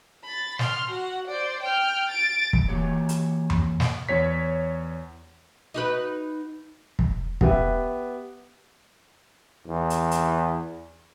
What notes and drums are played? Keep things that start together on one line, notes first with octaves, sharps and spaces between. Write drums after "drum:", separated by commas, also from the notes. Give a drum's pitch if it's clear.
B5 A6
C6 F6, drum: snare
F#4 F#5
C5 D5
G5 F6
A6 D7
drum: kick
E3 A#3 F#4 G4 C#5
drum: hi-hat
drum: tom F2
drum: snare
E2 C#5 B6
D#4 F#4 B4
drum: kick
B3 G4 B4 E5, drum: kick
E2
drum: hi-hat
drum: hi-hat